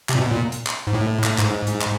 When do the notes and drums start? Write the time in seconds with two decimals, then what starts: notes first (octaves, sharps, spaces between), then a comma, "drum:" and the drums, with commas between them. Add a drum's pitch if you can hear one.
0.09 C3, drum: clap
0.15 A#2
0.20 B2
0.31 A#2
0.52 drum: hi-hat
0.66 drum: clap
0.87 G#2
0.95 A2
1.24 drum: clap
1.38 G#2, drum: clap
1.67 drum: hi-hat
1.81 drum: clap